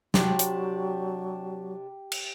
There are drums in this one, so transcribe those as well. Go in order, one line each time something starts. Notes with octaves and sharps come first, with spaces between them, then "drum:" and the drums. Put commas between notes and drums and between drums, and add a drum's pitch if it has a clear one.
C3 F#3 D4 G4, drum: snare
drum: hi-hat
drum: cymbal